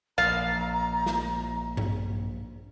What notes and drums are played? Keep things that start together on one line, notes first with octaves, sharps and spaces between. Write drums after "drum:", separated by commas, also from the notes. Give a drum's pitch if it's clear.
A#1 F5 A#5 A6
drum: snare
drum: tom G2